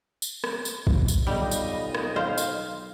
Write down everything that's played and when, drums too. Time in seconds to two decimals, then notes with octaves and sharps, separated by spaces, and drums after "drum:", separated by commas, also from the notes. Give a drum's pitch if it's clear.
0.22 drum: tambourine
0.44 drum: rim click
0.65 drum: tambourine
0.87 drum: kick
1.08 drum: tambourine
1.27 B1 G3 B3 F4 D#5
1.51 drum: tambourine
1.95 drum: rim click
2.16 C5 F5
2.38 drum: tambourine